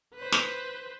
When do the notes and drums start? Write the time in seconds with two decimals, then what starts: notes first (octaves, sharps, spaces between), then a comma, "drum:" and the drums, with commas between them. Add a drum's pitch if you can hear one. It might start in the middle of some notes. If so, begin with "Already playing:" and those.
0.15 B4 C5
0.32 drum: snare